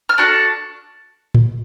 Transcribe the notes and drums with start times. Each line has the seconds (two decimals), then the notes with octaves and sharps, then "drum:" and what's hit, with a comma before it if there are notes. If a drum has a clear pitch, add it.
0.09 F6
0.18 D4 F#4 A4 F#6
1.34 drum: tom A2